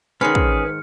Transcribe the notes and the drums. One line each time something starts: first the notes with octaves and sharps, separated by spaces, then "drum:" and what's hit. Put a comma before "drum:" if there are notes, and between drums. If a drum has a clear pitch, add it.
G#2 D#3 C#4 G#4 B4 F6 C#7
drum: kick